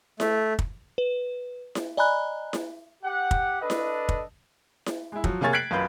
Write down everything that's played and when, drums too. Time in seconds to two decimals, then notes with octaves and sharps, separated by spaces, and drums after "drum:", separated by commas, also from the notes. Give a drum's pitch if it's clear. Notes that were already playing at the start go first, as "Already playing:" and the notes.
0.20 A3, drum: snare E4
0.59 drum: kick
0.98 B4
1.75 drum: snare E4
1.97 D5 D#5 G#5 A#5 B5 F#6
2.53 drum: snare E4
3.03 G4 F#5
3.31 drum: kick
3.60 D4 A4 B4 D#5
3.70 drum: snare E4
4.09 drum: kick
4.86 drum: snare E4
5.12 G#3 E4
5.24 F3 F#3, drum: kick
5.41 C3 A#3 G#4 C#5 A6
5.53 F#6 G#6 B6 C7 D7 F#7
5.71 B1 F#2 F4 B4 G6